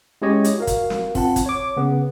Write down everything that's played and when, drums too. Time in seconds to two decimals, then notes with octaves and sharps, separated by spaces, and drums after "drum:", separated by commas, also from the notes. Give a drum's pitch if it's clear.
0.22 G#3 C#4 E4 G4 C#5 D#5
0.44 drum: hi-hat
0.58 F#4 A#4 F5
0.67 drum: kick, hi-hat
0.90 drum: snare
1.15 C4 F4 F#5 A5, drum: kick, open hi-hat
1.36 drum: kick, hi-hat
1.46 C#5 D6
1.77 C#3 B3